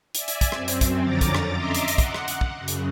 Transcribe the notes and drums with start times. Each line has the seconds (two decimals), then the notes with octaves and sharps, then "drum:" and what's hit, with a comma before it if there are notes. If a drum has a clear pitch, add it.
0.15 D5 E5 G#5, drum: hi-hat
0.28 drum: hi-hat
0.41 drum: kick, hi-hat
0.52 F#2 C4, drum: rim click
0.68 drum: hi-hat
0.81 drum: kick, hi-hat
1.01 F2 D3 C#4 A#5 D6 A6
1.21 drum: kick, hi-hat
1.35 drum: rim click
1.54 D#5 E5 A#5 C6 D6
1.75 drum: hi-hat
1.88 drum: hi-hat
1.98 F#5, drum: kick, hi-hat
2.15 drum: rim click
2.28 drum: hi-hat
2.41 drum: kick
2.58 F#2 C#3
2.68 drum: hi-hat